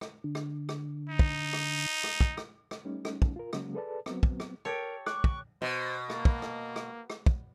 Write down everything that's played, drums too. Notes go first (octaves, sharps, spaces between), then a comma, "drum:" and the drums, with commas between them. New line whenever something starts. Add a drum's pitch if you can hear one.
drum: rim click
D3
drum: rim click
drum: rim click
D#4
drum: kick
drum: rim click
drum: rim click
drum: kick
drum: rim click
drum: rim click
G3 A3 C#4 D#4
drum: rim click
drum: kick
F4 A#4
C#3 F#3 G#3 A#3 C#4, drum: rim click
G#4 A4 B4 D5 A5
F#3 B3 C4, drum: rim click
drum: kick
drum: rim click
G4 A4 A#4 C#5
C#6 D6 F#6, drum: rim click
drum: kick
B2 C5
A#3, drum: rim click
drum: kick
drum: rim click
drum: rim click
drum: rim click
drum: kick